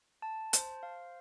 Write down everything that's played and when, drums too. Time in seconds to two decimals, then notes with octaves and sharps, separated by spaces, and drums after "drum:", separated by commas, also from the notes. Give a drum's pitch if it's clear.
0.22 A5
0.53 C5, drum: hi-hat
0.83 F5